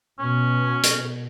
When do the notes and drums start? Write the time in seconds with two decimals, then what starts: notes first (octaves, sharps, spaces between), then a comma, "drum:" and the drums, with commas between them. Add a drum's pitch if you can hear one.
0.19 B2 C#4
0.84 drum: hi-hat